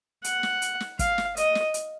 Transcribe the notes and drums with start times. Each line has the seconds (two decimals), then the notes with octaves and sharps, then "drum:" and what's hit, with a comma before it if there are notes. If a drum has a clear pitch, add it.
0.24 F#5, drum: hi-hat
0.43 drum: snare
0.62 drum: hi-hat
0.80 drum: snare
0.99 F5, drum: kick, hi-hat
1.18 drum: snare
1.37 D#5, drum: hi-hat
1.55 drum: snare
1.74 drum: hi-hat